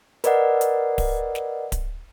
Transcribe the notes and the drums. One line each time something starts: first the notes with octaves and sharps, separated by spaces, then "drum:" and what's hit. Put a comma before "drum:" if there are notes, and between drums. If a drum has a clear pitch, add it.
A#4 B4 D5 D#5 F#5, drum: hi-hat
drum: hi-hat
drum: kick D1, open hi-hat
drum: snare
drum: kick D1, hi-hat